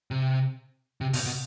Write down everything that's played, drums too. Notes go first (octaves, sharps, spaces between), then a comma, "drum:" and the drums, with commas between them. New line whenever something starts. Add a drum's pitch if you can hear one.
C3
C3
B2, drum: open hi-hat
B2